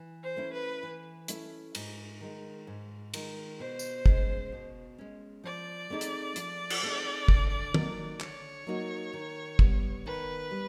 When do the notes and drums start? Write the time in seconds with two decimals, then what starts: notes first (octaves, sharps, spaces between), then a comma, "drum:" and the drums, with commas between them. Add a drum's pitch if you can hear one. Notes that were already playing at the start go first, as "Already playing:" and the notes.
Already playing: E3
0.22 C5
0.37 A3 C#4 E4
0.52 B4
0.83 E3
1.28 A3 C#4 E4, drum: hi-hat
1.75 G#2, drum: cymbal
2.21 D#3 G#3
2.67 G#2
3.14 D#3 G#3, drum: cymbal
3.59 B2 C5
3.79 drum: tambourine
4.06 G#3 C#4, drum: kick
4.52 B2
4.98 G#3 C#4
5.44 F3 D5
5.90 A3 C4 D#4 G#4
6.01 drum: hi-hat
6.36 F3, drum: hi-hat
6.70 drum: cymbal
6.83 A3 C4 D#4 G#4
7.28 D3, drum: kick
7.74 F#3 A#3 D#4 F#4, drum: tom
8.21 D3 C#5, drum: clap
8.67 F#3 A#3 D#4 F#4
9.13 D#3
9.59 G3 B3, drum: kick
10.06 D#3 B4
10.51 G3